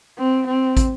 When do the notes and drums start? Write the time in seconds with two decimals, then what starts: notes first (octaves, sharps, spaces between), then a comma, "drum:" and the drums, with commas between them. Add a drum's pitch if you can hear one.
0.18 C4
0.47 C4
0.77 drum: kick, hi-hat